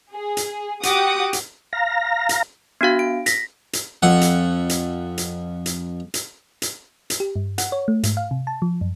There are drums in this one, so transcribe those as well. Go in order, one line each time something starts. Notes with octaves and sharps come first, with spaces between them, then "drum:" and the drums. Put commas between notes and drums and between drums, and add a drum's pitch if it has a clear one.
G#4
drum: hi-hat
F#4 G4 F#5 D6 D#6, drum: hi-hat
drum: hi-hat
F5 A#5 A#6
drum: hi-hat
B3 D4 F#4 F5
D7
A#6 B6, drum: hi-hat
drum: hi-hat
F2 F#5
drum: hi-hat
drum: hi-hat
drum: hi-hat
drum: hi-hat
drum: hi-hat
drum: hi-hat
drum: hi-hat
G4
G2
F#5, drum: hi-hat
C#5
A3
G#2, drum: hi-hat
F5
C3
A5
F3
F#2